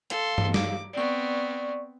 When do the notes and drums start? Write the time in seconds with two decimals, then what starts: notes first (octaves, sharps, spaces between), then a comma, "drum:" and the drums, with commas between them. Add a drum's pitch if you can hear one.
0.10 A4 F5 C6, drum: hi-hat
0.38 drum: tom G2
0.54 D6, drum: snare
0.93 B3 C4 D5 C#6